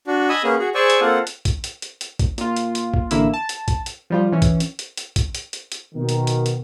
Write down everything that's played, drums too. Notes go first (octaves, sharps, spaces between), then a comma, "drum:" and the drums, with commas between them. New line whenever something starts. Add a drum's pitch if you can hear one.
D4 F#4
D#5 G#5 B5 D#6 E6
A#3 B3 C#4 G#4
F#4 G#4
G#4 C5 D5 G#5 C#6 E6
drum: hi-hat
A#3 C4 F4 A4 F#5
drum: hi-hat
drum: kick, hi-hat
drum: hi-hat
drum: hi-hat
drum: hi-hat
drum: kick, hi-hat
A#2 F4, drum: hi-hat
drum: hi-hat
drum: hi-hat
drum: kick
A1 D3 A#3 E4 E6, drum: hi-hat
A5
drum: hi-hat
drum: kick, hi-hat
drum: hi-hat
F3 G3 F4
E3 C#4
drum: kick, hi-hat
drum: hi-hat
drum: hi-hat
drum: hi-hat
drum: kick, hi-hat
drum: hi-hat
drum: hi-hat
drum: hi-hat
B2 D#3
drum: hi-hat
drum: hi-hat
drum: hi-hat